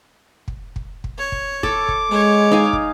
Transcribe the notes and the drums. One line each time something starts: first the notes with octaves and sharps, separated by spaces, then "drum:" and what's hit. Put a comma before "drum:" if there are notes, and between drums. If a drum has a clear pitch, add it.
drum: kick
drum: kick
drum: kick
C#5
drum: kick
A4 D6, drum: kick
drum: kick
G#3 C#5
D#4 F5 G#5
drum: kick